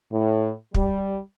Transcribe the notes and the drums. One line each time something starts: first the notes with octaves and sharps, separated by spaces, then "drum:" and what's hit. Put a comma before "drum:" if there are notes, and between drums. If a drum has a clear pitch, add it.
A2
G3, drum: kick